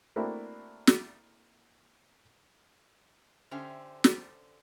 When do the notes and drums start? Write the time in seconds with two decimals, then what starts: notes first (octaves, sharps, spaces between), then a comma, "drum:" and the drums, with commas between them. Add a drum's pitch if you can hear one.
0.16 A3 A#3 C4 D4 E4 F#4
0.87 drum: snare
3.51 D3 C#4 G4 C5 E5 G5
4.04 drum: snare